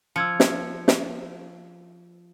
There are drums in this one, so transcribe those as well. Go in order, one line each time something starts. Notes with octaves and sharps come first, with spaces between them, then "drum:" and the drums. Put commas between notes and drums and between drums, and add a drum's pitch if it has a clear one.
F3 E6 G#6 C#7
drum: snare
drum: snare